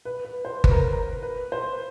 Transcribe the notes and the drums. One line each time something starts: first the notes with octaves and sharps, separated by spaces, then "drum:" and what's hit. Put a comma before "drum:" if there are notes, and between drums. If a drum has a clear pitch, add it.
B4
B4
C5
B4, drum: kick G1
A#4
B4
A#4
B4
C5